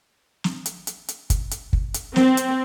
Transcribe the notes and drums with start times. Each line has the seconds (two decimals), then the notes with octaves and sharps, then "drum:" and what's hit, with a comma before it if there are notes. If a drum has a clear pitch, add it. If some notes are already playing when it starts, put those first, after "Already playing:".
0.44 drum: snare
0.66 drum: hi-hat
0.87 drum: hi-hat
1.08 drum: hi-hat
1.30 drum: kick, hi-hat
1.51 drum: hi-hat
1.73 drum: kick
1.94 drum: hi-hat
2.16 C4, drum: snare
2.37 drum: hi-hat